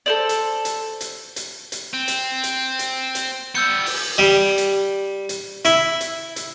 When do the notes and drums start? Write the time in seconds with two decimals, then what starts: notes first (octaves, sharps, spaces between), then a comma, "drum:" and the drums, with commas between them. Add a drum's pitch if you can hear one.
0.06 A4 C5 D5
0.29 drum: hi-hat
0.65 drum: hi-hat
1.01 drum: hi-hat
1.36 drum: hi-hat
1.72 drum: hi-hat
1.94 C4
2.08 drum: hi-hat
2.43 drum: hi-hat
2.79 drum: hi-hat
3.15 drum: hi-hat
3.55 G3 B3 E6 G6 C#7
3.86 drum: open hi-hat
4.18 G3
4.58 drum: hi-hat
5.29 drum: hi-hat
5.65 E4, drum: hi-hat
6.01 drum: hi-hat
6.36 drum: hi-hat